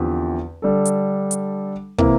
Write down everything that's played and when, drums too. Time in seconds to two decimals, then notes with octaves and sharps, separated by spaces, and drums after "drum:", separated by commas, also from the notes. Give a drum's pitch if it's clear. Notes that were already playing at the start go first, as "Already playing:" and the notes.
Already playing: E2 D3 F3 C4 G4
0.62 D3 G3 D4 A4
0.85 drum: hi-hat
1.31 drum: hi-hat
1.98 C3 E3 A#3 E4, drum: kick